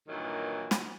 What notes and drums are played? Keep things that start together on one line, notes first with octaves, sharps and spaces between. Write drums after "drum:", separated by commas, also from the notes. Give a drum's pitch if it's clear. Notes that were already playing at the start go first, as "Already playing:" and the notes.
G2 A#2 D#3 E3 F#3
drum: snare